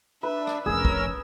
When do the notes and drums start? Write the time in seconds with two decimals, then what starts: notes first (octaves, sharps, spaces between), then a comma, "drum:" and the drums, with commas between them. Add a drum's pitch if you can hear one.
0.23 D4 B4 E5
0.47 drum: rim click
0.66 F1 F3 C#4 G#4 A#4 E6
0.85 drum: kick